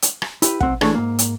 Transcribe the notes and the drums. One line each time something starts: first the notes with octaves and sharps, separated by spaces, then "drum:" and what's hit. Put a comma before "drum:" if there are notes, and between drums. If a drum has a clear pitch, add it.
drum: hi-hat
drum: rim click
E4 G4 B4, drum: hi-hat
B1 C4 F#5, drum: kick
E3 G3 A3 D4 G#4 C#5, drum: rim click
G#2 A#3
drum: hi-hat